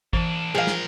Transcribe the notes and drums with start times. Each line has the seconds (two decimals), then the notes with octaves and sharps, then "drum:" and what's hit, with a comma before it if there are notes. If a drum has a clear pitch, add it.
0.13 E3 A#3 D4, drum: kick G#1
0.55 F3 G#4 A#4 F5
0.67 drum: snare